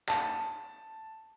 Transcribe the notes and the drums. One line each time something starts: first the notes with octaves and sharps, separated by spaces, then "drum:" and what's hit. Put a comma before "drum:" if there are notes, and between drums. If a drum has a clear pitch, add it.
A5, drum: clap